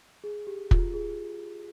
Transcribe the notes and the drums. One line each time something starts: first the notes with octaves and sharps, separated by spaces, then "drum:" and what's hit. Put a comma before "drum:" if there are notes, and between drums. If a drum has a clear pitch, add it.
G#4
G4
F4, drum: kick
G#4